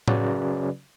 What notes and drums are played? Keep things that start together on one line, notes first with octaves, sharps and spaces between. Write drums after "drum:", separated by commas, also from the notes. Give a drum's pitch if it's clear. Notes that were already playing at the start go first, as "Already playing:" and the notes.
C#3 F#3 C#4 F#4 B4 D5, drum: tom A2